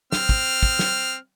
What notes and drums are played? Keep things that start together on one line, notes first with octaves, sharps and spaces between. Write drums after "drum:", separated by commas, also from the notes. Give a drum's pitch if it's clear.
C4 F6, drum: snare
drum: kick
drum: kick
drum: snare